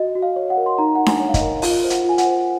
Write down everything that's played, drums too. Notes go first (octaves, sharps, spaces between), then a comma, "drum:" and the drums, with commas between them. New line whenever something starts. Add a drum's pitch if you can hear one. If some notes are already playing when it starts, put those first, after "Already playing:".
Already playing: F#4 D#5
F#4
F5
C#5
F#5
A#4
C6
D#4 A#5
D#4 F#5
G#5, drum: snare D4
C#5
F5
D#5, drum: kick, hi-hat
A#4
F4 F5, drum: open hi-hat
C5
F#5, drum: hi-hat
F4
G#5
F#5, drum: hi-hat
C5